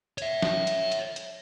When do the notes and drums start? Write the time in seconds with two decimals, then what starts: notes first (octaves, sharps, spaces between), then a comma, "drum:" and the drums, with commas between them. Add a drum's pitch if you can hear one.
0.18 C#5 E5, drum: hi-hat
0.42 drum: snare
0.67 drum: hi-hat
0.92 drum: hi-hat
1.16 drum: hi-hat